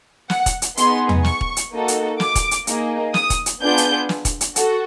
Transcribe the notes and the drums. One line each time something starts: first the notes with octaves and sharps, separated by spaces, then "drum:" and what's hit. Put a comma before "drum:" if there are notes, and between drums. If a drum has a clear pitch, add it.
F#5, drum: snare
drum: kick, hi-hat
drum: hi-hat
B3 D#4 G#4 C6, drum: hi-hat
drum: tom E2
C#6, drum: snare
drum: kick
drum: hi-hat
A#3 D#4 F#4 A4
drum: hi-hat
D6, drum: snare
drum: kick, hi-hat
drum: hi-hat
A#3 D#4 G#4, drum: hi-hat
D#6, drum: snare
drum: kick, hi-hat
drum: hi-hat
B3 D4 F4 G#4 G6
drum: hi-hat
drum: snare
drum: kick, hi-hat
drum: hi-hat
F#4 A4, drum: hi-hat